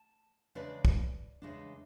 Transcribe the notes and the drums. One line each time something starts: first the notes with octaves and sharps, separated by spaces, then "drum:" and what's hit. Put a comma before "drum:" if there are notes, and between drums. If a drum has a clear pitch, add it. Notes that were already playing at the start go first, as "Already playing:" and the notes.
Already playing: A5
E2 C#3 G#3 D4 B4 D5
drum: kick
E2 C#3 G#3 D4